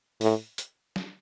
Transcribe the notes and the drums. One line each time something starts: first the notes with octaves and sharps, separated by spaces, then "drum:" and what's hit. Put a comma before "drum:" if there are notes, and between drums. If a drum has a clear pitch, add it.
A2, drum: open hi-hat
drum: hi-hat
drum: snare